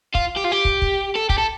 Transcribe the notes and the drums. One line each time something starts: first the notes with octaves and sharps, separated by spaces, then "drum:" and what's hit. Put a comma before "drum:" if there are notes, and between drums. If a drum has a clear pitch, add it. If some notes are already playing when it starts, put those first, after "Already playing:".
F4, drum: kick
G4
F4
G4
drum: kick
drum: kick
A4
G4, drum: kick
A4